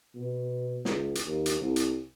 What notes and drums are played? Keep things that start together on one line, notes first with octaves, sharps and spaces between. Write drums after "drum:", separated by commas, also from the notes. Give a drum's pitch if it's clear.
B2
C#2, drum: snare
drum: hi-hat
D#2
drum: hi-hat
C2
drum: hi-hat